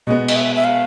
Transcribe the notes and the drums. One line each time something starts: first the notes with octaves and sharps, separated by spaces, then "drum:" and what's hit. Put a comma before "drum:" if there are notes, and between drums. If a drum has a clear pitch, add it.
B2 G#3 B3 D#5
D#5, drum: cymbal
E5
E5
F5